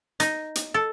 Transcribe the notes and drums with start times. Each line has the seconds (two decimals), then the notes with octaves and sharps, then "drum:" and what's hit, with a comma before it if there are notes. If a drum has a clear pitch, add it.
0.20 D#4, drum: hi-hat
0.55 drum: hi-hat
0.74 A4